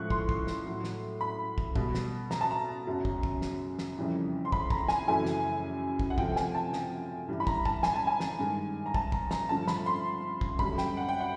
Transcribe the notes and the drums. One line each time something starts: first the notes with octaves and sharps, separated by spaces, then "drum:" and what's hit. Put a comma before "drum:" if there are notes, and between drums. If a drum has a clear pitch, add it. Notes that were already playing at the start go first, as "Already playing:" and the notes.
Already playing: A2 F3 G#3 C#6 F#6
C6, drum: kick
drum: kick
drum: snare
A2 F#3 A3
drum: snare
B5
drum: kick
B2 G3, drum: kick
drum: snare
A#5, drum: snare
A5
A#5
F#2 C#3 F#3
drum: kick
drum: kick
drum: snare
drum: snare
F2 C#3 E3 G3
C6
B5, drum: kick
A#5, drum: kick
G#5, drum: snare
F#2 C#3 E3 A3 G#5
drum: snare
drum: kick
F#5
C3 F3 A3 G5, drum: kick
G5
G#5, drum: snare
A5
drum: snare
G2 E3 G3
B5
A#5, drum: kick
A5, drum: kick
G#5, drum: snare
A5
G#5
drum: snare
G2 D#3 G#3
A#5
A5, drum: kick
A#5, drum: kick
A#5, drum: snare
G2 D3 F3 A3 A5
B5, drum: snare
C6
drum: kick
F#2 D3 G3 B5, drum: kick
G5, drum: snare
F#5
G5
F#5